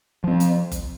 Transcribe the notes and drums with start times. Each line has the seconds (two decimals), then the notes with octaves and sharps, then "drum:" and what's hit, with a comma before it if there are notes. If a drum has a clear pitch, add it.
0.24 F3 C4
0.40 drum: hi-hat
0.72 drum: kick F#1, hi-hat